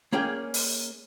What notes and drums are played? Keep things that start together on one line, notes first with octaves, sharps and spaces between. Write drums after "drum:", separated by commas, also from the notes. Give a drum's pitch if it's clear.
A#3 C#4 G#4 D5 G5
drum: open hi-hat